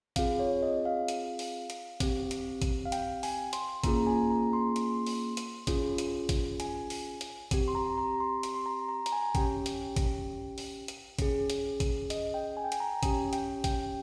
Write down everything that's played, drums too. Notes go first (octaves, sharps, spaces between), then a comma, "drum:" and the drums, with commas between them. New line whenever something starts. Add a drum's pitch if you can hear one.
C4 F4 G#4 F5, drum: kick G#1, hi-hat
C#5
D#5
F5
drum: hi-hat
drum: open hi-hat
drum: hi-hat
C4 G4, drum: kick G#1, hi-hat
drum: hi-hat
drum: kick G#1, hi-hat
F5
G5, drum: hi-hat
G#5, drum: open hi-hat
C6, drum: hi-hat
A#3 C#4 F4 G#4 A#5, drum: kick G#1, hi-hat
A#5
G#5
A#5
C6
drum: hi-hat
drum: open hi-hat
drum: hi-hat
C#4 F4 G#4, drum: kick G#1, hi-hat
drum: hi-hat
drum: kick G#1, hi-hat
G#5, drum: hi-hat
drum: open hi-hat
drum: hi-hat
C4 G4, drum: kick G#1, hi-hat
C6
A#5
A#5
C6
drum: hi-hat
C6
A#5
A#5
A#5, drum: hi-hat
G#5
C#4 G4 G5, drum: kick G#1, hi-hat
drum: hi-hat
drum: kick G#1, hi-hat
drum: open hi-hat
drum: hi-hat
C#4 G#4, drum: kick G#1, hi-hat
drum: hi-hat
drum: kick G#1, hi-hat
D#5, drum: hi-hat
G5
G#5
G5
G#5, drum: hi-hat
A#5
C#4 G4 G#5, drum: kick G#1, hi-hat
G5, drum: hi-hat
G5, drum: kick G#1, hi-hat